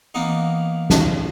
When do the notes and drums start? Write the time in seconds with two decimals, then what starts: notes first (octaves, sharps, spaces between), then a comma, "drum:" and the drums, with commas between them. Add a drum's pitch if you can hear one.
0.14 E3 A#3 B3 D#4
0.90 drum: snare